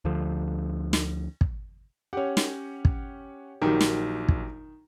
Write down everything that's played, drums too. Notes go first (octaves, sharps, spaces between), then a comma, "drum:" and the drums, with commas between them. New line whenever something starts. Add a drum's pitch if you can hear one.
D2 D3 F3
drum: snare
drum: kick
C#4 G4 C#5 F#5
drum: snare
drum: kick
A#1 D#3 F#3 G4 A#4
drum: snare
drum: kick